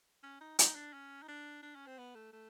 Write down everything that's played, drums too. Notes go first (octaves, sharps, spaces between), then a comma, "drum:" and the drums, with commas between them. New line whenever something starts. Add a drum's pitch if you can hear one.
C#4
D#4
D#4, drum: hi-hat
D4
C#4
D#4
D4
D4
C#4
C4
B3
A3
A3